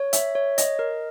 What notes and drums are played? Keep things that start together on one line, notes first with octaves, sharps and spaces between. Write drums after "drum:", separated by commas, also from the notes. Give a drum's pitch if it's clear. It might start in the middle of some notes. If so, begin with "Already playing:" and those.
Already playing: C#5
E5, drum: hi-hat
C#5
D#5, drum: hi-hat
A#4